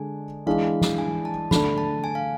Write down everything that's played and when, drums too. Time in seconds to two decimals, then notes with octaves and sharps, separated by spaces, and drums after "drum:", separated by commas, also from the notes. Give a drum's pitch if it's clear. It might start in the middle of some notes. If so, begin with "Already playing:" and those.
Already playing: D3 G#3 D4 G#5
0.46 E3 G#3 D4 F5
0.81 drum: snare
0.98 G#5
1.25 A5
1.51 D3 A3 D4 B5, drum: snare
1.78 A5
2.04 G#5
2.15 F5